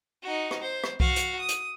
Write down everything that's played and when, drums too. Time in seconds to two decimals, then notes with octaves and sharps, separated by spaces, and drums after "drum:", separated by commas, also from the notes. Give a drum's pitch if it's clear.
0.23 D#4 F#4
0.51 drum: rim click
0.62 C5
0.84 drum: rim click
1.00 F#4 F5, drum: kick C2
1.16 drum: hi-hat
1.40 D#6
1.49 drum: hi-hat